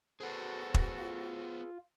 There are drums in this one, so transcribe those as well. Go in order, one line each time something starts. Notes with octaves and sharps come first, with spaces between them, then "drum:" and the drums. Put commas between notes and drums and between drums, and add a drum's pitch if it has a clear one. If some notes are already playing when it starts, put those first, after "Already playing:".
B3 F#4 G#4 A4 B4 C5
drum: kick
F4